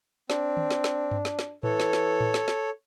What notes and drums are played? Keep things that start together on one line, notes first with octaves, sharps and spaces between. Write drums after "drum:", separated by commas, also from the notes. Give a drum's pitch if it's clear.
C4 D4, drum: snare
drum: tom D#3
drum: snare
drum: snare
drum: tom G2
drum: snare
drum: snare
E3 A4 C#5, drum: tom A2
drum: snare
drum: snare
drum: tom A2
drum: snare
drum: snare